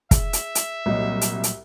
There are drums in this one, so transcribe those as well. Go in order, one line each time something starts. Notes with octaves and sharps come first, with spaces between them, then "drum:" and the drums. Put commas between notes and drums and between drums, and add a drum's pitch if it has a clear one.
G#4 E5, drum: kick, hi-hat
drum: hi-hat
drum: hi-hat
C2 A#2 F#3 D#5
drum: hi-hat
drum: hi-hat